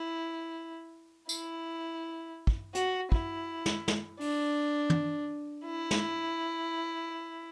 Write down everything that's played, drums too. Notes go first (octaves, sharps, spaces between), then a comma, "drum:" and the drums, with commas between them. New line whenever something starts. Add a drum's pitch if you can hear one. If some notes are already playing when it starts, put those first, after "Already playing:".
Already playing: E4
E4, drum: tambourine
drum: kick
F#4, drum: hi-hat
E4, drum: kick
drum: snare
drum: snare
D4, drum: open hi-hat
drum: tom
E4
drum: snare